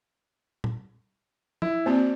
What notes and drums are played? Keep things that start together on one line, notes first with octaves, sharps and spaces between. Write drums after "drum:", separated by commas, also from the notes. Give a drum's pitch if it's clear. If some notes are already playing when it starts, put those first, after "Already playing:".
drum: tom
E4, drum: tom
A#3 C4 F#4 C5 D5